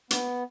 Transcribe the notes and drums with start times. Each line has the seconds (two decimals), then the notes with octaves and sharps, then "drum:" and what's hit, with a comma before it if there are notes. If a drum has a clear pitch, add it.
0.11 B3, drum: hi-hat